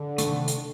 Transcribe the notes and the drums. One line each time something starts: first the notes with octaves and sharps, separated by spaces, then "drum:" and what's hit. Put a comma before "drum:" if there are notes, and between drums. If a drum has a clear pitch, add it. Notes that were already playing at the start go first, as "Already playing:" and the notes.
Already playing: D3
C3 D#3 A3, drum: hi-hat
drum: hi-hat